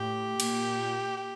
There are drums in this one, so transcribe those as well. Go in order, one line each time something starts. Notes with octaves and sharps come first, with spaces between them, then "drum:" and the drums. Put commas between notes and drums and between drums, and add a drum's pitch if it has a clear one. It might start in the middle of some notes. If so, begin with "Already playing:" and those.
Already playing: A2 G4
A#2, drum: cymbal
G4